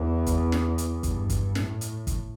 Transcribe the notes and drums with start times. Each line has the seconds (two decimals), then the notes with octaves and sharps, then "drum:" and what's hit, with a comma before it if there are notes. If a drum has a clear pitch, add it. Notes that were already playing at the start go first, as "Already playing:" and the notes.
Already playing: E2
0.26 drum: kick, hi-hat
0.52 drum: snare
0.78 drum: hi-hat
1.03 G2, drum: kick, hi-hat
1.30 drum: kick, hi-hat
1.55 A2, drum: snare
1.81 drum: hi-hat
2.07 drum: kick, hi-hat